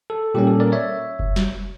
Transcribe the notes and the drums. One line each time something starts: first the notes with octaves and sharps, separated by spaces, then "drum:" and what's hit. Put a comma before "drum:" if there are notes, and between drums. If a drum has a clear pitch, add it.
A4
A#2 G3 A#3 C#4 G4
A4
A#4 D5
C#5 E5
drum: kick F1
drum: snare